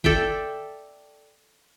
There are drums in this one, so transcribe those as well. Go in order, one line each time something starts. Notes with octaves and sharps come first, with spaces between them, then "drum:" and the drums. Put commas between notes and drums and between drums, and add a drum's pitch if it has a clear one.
A4 D5 E5 G5, drum: kick